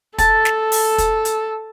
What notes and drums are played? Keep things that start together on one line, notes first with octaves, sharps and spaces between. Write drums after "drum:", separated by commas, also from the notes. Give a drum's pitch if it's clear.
A4 A5, drum: kick, hi-hat
drum: snare
drum: open hi-hat
drum: kick, hi-hat
drum: hi-hat